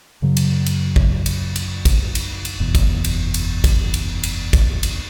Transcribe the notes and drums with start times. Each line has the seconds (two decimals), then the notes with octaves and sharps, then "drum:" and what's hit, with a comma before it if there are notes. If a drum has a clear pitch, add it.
0.22 F#2 C#3 F#3
0.37 drum: cymbal
0.66 drum: cymbal
0.96 drum: kick
1.26 drum: cymbal
1.56 drum: cymbal
1.85 drum: kick, cymbal
2.15 drum: cymbal
2.45 drum: cymbal
2.60 F#1 E2 B2
2.75 drum: kick, cymbal
3.04 drum: cymbal
3.34 drum: cymbal
3.64 drum: kick, cymbal
3.94 drum: cymbal
4.23 drum: cymbal
4.53 drum: kick, cymbal
4.83 drum: cymbal